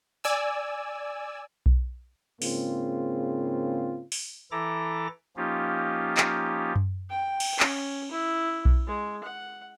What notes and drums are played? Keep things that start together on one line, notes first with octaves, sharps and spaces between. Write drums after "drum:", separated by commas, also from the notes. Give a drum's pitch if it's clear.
D5 G#5 E6
drum: kick B1
G#2 C#3 A#3 C4 F4, drum: open hi-hat
drum: open hi-hat
E3 E4 A4 A#5 D6 A#6
F3 A#3 C#4 D#4 F4 G4
drum: clap
drum: tom F#2
G5
drum: cymbal
C#4, drum: clap
E4
drum: kick B1
G#3
F#5